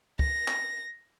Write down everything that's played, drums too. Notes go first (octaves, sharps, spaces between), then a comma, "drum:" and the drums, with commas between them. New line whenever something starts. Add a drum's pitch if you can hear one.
A#6, drum: kick
drum: clap